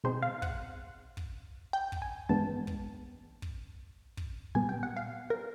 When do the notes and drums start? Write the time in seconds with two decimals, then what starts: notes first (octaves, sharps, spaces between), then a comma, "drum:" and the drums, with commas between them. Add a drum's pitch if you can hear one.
0.04 B2 G#3 C4 D#4 C5
0.23 F5
0.42 F#5, drum: kick
1.17 drum: kick
1.73 G5
1.92 drum: kick
2.02 G#5
2.29 G2 E3 G#3 B3 D4 A5
2.67 drum: kick
3.42 drum: kick
4.17 drum: kick
4.55 A#2 G3 B3 G#5
4.69 G5
4.83 F#5
4.97 F5
5.30 A#4